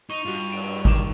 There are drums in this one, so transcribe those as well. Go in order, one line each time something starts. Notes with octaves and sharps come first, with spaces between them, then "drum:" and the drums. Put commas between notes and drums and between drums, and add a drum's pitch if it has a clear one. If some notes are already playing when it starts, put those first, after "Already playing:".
D#4 C#6 D#7 F7
G2 F4 F#4
D7, drum: cymbal
D#3 D6 E7, drum: kick